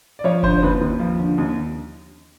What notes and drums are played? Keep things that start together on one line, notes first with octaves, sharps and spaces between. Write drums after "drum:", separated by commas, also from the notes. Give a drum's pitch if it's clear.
D5
F3 C#5
D3 C5, drum: kick F#1
D#2 B4
D#2
F3
D3
D#2